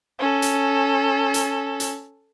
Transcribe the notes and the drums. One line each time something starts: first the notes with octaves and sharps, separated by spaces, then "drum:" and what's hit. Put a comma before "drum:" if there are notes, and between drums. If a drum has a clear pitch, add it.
C#4 A4
drum: hi-hat
drum: hi-hat
drum: hi-hat